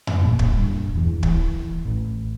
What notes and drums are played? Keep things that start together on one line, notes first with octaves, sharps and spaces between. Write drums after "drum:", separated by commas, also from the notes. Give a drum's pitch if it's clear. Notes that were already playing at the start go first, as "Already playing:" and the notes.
drum: tom F2
A1 A#2
drum: kick
G2
E2 E3
E3, drum: kick
A1